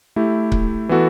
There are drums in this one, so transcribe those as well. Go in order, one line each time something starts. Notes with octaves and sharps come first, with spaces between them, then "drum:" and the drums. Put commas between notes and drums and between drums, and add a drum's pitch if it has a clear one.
A3 E4 G4
drum: kick C#1
E3 B3 F#4 A4